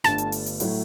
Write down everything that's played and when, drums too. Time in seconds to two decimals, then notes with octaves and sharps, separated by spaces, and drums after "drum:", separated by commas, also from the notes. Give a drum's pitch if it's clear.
0.04 G1 G2 D3 A3 A5, drum: snare
0.18 drum: hi-hat
0.32 drum: open hi-hat
0.46 drum: hi-hat
0.60 A2 F#3 A3 E4, drum: open hi-hat